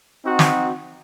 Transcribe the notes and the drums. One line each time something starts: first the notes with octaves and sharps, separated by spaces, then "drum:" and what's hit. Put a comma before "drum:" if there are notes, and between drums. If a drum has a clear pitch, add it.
C4 D#4 F#4
drum: snare